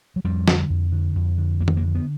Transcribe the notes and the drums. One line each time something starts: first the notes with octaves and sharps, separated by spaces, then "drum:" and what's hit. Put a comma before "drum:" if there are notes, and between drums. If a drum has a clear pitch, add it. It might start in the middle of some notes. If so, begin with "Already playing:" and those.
F#3
F2 G3
D3, drum: snare
F2
D3
F2
D3
F2 A#3
A3, drum: tom
A#3
D3
B3